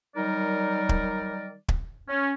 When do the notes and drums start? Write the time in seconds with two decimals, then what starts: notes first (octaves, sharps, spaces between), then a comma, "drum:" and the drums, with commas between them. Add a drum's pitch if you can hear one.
0.16 D#3 F#3 G3 D#4 A#4 D5
0.89 drum: kick
1.68 drum: kick
2.08 C#4